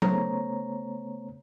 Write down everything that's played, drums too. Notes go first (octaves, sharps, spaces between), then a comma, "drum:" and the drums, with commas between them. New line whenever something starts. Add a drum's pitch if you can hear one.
C#3 A3 B3 C5 C#5 A#5, drum: tom F#3